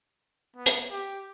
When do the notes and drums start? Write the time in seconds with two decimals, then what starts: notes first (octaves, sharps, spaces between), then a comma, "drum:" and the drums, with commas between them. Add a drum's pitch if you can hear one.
0.56 B3
0.66 drum: hi-hat
0.91 G4